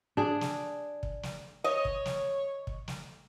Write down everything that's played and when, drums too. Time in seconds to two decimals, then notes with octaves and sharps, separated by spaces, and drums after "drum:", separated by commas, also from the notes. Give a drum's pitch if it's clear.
0.17 D4 G#4
0.41 drum: snare
1.03 drum: kick
1.23 drum: snare
1.64 C#5 D#5
1.85 drum: kick
2.05 drum: snare
2.67 drum: kick
2.88 drum: snare